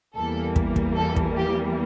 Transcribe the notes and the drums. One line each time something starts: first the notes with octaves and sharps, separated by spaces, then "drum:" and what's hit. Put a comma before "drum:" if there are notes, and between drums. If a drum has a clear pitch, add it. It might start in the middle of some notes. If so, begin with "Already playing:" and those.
E2 E3 G3 A#3 A4
drum: kick
drum: kick
A4
drum: kick
G4